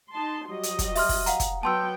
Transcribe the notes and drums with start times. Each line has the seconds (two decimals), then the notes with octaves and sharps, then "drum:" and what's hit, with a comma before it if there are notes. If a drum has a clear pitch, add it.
0.12 D#4 A5 C6
0.48 F#3 G3 D#5
0.63 drum: hi-hat
0.79 drum: kick, hi-hat
0.95 E5 C6 F6, drum: open hi-hat
1.09 drum: kick, open hi-hat
1.26 F5 F#5 A#5, drum: hi-hat
1.40 drum: kick, hi-hat
1.63 F#3 B3 G5 A5 C6 E6